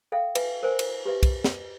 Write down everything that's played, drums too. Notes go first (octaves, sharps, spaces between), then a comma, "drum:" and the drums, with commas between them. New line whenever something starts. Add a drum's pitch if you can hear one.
A4 E5 F5 G5
B4 E5 G#5, drum: cymbal
A#4 C5 G#5
drum: cymbal
G4 B4 E5
drum: kick, cymbal
drum: snare